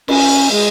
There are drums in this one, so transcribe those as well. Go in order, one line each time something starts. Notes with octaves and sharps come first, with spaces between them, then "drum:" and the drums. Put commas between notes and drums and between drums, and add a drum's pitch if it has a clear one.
C#4, drum: cymbal
G#3